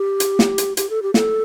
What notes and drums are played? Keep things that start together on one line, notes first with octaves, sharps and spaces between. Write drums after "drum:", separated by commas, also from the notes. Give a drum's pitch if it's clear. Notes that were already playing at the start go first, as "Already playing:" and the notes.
Already playing: G4
drum: hi-hat
drum: snare
drum: hi-hat
G4, drum: hi-hat
A4
G4
A4, drum: snare